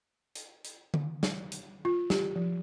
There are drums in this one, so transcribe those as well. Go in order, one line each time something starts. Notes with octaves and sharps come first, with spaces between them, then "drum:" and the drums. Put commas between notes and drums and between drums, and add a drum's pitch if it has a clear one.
drum: hi-hat
drum: hi-hat
drum: tom D3
drum: snare
drum: hi-hat
F4
G4, drum: snare
F3